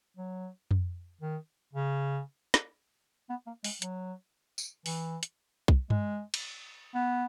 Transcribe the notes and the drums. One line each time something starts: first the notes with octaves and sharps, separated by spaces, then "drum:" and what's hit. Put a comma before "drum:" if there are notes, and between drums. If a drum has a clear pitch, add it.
F#3
drum: tom F2
D#3
C#3
drum: snare
B3
A#3
G#3, drum: open hi-hat
F#3, drum: hi-hat
drum: tambourine
E3, drum: open hi-hat
drum: hi-hat
drum: kick B1
G#3, drum: tom G2
drum: cymbal
B3